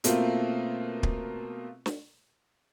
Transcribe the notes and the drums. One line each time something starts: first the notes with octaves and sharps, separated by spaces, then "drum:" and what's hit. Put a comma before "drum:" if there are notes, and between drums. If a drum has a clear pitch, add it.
B2 A3 A#3 C4 F4, drum: hi-hat
drum: kick
drum: snare